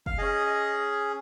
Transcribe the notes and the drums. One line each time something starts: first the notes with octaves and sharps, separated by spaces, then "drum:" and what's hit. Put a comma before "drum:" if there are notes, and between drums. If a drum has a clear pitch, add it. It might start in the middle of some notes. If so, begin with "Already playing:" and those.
F5, drum: kick
C#4 G#4 D#5
D#5